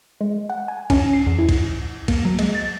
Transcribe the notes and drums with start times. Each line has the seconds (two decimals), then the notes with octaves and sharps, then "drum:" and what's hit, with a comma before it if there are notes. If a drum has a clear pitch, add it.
0.21 G#3
0.50 F#5
0.68 G#5
0.90 C#4, drum: kick, cymbal
1.13 C7
1.27 E2
1.39 E4
1.49 drum: kick, cymbal
2.08 A#3, drum: kick, cymbal
2.25 F#3
2.39 G#3, drum: cymbal
2.55 A6